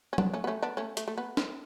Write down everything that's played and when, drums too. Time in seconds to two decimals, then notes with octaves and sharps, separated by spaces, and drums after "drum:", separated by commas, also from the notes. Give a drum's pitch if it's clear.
0.13 C#4
0.18 B3 D4, drum: tom F#3
0.34 A3 C#4
0.44 B3
0.47 A3 C#4
0.63 B3 D4
0.77 A3 C#4
0.97 A3, drum: hi-hat
1.08 A3
1.18 B3
1.37 drum: snare